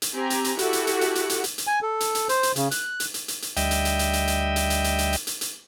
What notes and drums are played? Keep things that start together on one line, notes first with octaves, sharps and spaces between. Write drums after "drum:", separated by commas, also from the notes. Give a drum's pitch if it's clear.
drum: hi-hat
C4 G4 G#5 A#5
drum: hi-hat
drum: hi-hat
E4 F#4 G4 A4 F#5, drum: hi-hat
drum: hi-hat
drum: hi-hat
drum: hi-hat
drum: hi-hat
drum: hi-hat
drum: hi-hat
drum: hi-hat
G#5
A4
drum: hi-hat
drum: hi-hat
C5, drum: hi-hat
drum: hi-hat
C#3, drum: hi-hat
F#6, drum: hi-hat
drum: hi-hat
drum: hi-hat
drum: hi-hat
drum: hi-hat
D2 G3 D#5 E5 G5, drum: hi-hat
drum: hi-hat
drum: hi-hat
drum: hi-hat
drum: hi-hat
drum: hi-hat
drum: hi-hat
drum: hi-hat
drum: hi-hat
drum: hi-hat
drum: hi-hat
drum: hi-hat
drum: hi-hat